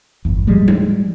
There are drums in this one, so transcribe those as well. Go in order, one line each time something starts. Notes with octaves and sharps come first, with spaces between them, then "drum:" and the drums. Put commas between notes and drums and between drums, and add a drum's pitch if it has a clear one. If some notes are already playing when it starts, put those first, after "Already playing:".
G1 E2
A2 F3 G3 G#3
drum: tom G3